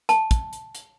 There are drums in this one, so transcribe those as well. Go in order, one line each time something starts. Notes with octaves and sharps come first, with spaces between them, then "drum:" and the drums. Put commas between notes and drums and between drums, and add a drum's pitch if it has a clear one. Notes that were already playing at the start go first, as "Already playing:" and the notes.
A5, drum: hi-hat
drum: kick, hi-hat
drum: hi-hat
drum: hi-hat